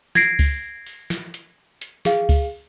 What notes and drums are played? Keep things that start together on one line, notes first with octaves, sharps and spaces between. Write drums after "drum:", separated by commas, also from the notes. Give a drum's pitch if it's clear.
G#6 A#6 C7 D7, drum: snare
drum: kick C#2, open hi-hat
drum: open hi-hat
drum: snare
drum: hi-hat
drum: hi-hat
G#4 F5, drum: snare
drum: kick C#2, open hi-hat